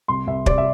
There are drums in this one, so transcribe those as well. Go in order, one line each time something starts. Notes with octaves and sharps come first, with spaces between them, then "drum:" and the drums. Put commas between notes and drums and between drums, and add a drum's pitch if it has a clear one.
C2 C6
C2 E5
C3 D5, drum: kick
E5